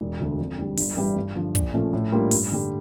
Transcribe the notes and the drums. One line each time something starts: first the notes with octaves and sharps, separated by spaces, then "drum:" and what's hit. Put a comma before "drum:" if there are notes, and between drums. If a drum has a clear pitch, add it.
E1
D2 D3
F2
D3 G3
G1, drum: open hi-hat
G2 E3 G3 D4
G2
D3 F3
A#1, drum: kick, hi-hat
A#2 F3 A3 C#4
A2
G3 A#3 D4 F4
G2, drum: open hi-hat
D3 G3